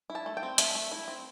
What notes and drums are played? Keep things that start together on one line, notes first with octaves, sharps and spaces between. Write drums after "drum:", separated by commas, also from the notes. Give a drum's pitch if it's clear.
E4
A5
A3
G5
C4
A3 E5, drum: hi-hat
A3
E4
C4